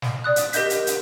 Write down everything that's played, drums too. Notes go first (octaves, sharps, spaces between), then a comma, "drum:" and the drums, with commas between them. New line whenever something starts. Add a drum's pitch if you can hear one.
drum: snare
D5 D#6 F#6
drum: hi-hat
G4 A#4 D#5 G6 B6, drum: hi-hat
drum: hi-hat
drum: hi-hat